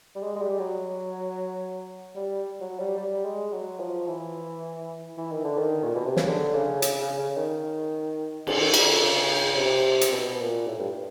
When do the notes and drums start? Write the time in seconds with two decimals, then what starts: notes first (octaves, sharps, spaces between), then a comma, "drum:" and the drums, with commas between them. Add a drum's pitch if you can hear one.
0.16 G3
0.23 G#3
0.35 G#3
0.42 G3
0.59 F#3
2.15 G3
2.61 F#3
2.79 G3
2.98 G3
3.25 G#3
3.53 F#3
3.80 F3
4.07 E3
5.17 E3
5.32 D#3
5.44 D3
5.59 D#3
5.84 A#2
5.95 B2
6.06 C3
6.17 C#3, drum: snare
6.27 D3
6.55 C#3
6.82 C#3, drum: hi-hat
7.01 C#3
7.19 C#3
7.37 D#3
8.47 D3, drum: cymbal
8.61 D#3
8.74 D3, drum: cymbal
9.02 C#3
9.57 C3
10.01 drum: hi-hat
10.12 B2
10.35 B2
10.40 A#2
10.67 A2
10.79 G2